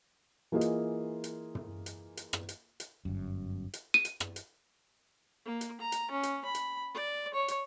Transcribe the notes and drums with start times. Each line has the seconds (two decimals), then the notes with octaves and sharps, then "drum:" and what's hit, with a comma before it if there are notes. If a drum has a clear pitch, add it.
0.52 E3 A#3 F4 G#4 D#5
0.61 drum: hi-hat
1.24 drum: hi-hat
1.55 drum: tom
1.86 drum: hi-hat
2.17 drum: hi-hat
2.33 drum: rim click
2.49 drum: hi-hat
2.80 drum: hi-hat
3.05 G1 F#2
3.73 drum: hi-hat
3.94 D#7
4.05 drum: hi-hat
4.20 drum: rim click
4.36 drum: hi-hat
5.45 A#3
5.61 drum: hi-hat
5.81 A#5
5.92 drum: hi-hat
6.11 C#4
6.23 drum: hi-hat
6.45 B5
6.55 drum: hi-hat
6.95 D5
7.34 C#5
7.48 drum: hi-hat